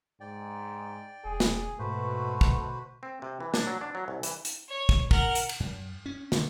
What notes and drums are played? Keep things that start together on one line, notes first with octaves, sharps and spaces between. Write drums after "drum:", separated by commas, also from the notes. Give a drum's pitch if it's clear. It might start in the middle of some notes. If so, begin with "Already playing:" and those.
G#2 D5 G5
E1 G#4
drum: snare
G#2 B2 A3 F#4 B4 C5
drum: kick
C4
C3
E3
D4, drum: snare
F#3
D4
F#3
C2
E3, drum: hi-hat
drum: hi-hat
C#5
drum: kick
A#4 F#5, drum: kick
drum: hi-hat
drum: cymbal
F#2
C#4
D3, drum: snare